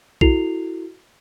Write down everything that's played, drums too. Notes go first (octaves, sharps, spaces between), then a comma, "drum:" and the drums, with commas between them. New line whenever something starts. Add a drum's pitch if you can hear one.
E4 F#4 A4 C7 F7, drum: kick B1